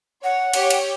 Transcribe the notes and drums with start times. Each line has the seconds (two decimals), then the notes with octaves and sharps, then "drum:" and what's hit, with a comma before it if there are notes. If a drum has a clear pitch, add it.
0.24 C#5 F#5
0.53 G4 C#5, drum: cymbal
0.70 drum: cymbal